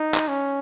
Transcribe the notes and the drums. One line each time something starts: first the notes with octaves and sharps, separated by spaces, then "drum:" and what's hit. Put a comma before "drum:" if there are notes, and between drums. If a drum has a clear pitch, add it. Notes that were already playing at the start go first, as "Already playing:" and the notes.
Already playing: D#4
drum: clap
C#4